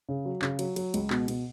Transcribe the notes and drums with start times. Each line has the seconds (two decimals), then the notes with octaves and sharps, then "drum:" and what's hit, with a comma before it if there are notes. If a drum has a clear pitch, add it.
0.09 C#3
0.25 F#3
0.42 C#3, drum: clap
0.59 F#3, drum: cymbal
0.76 F#3, drum: cymbal
0.94 C#2, drum: cymbal
1.10 B2, drum: clap
1.28 B2, drum: cymbal